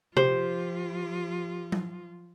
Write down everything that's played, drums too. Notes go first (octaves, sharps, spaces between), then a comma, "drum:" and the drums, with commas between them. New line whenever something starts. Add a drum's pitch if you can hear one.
F3 F4 G4 C5, drum: tom C3
drum: tom F#3